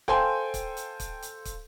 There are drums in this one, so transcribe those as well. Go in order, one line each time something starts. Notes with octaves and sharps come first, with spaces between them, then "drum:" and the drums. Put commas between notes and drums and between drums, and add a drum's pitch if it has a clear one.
A4 C5 F5 G5 G#5 C6, drum: kick
drum: kick, hi-hat
drum: hi-hat
drum: kick, hi-hat
drum: hi-hat
drum: kick, hi-hat